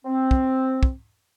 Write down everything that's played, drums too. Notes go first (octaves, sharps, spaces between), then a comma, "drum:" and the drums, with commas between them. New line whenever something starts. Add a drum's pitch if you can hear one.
C4
drum: kick
drum: kick